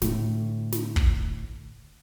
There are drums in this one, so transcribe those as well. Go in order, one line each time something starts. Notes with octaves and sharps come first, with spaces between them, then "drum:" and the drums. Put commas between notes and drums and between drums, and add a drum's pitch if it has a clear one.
A2 D3, drum: snare
drum: snare
drum: kick